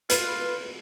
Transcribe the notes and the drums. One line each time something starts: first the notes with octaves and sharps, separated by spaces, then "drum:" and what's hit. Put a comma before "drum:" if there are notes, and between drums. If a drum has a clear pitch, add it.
F4 B4, drum: hi-hat